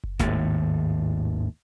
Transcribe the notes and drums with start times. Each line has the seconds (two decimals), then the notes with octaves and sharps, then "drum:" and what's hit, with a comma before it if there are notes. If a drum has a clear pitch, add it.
0.04 drum: kick F#1
0.19 G#1 D#2 A2, drum: snare